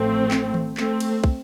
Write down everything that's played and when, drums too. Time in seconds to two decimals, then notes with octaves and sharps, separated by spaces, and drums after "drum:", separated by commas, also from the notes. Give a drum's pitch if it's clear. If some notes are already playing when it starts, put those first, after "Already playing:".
Already playing: A1 A2 F3 A3 C4
0.31 drum: clap
0.54 drum: tom D#3
0.77 A3 C4, drum: clap
1.00 drum: cymbal
1.24 drum: kick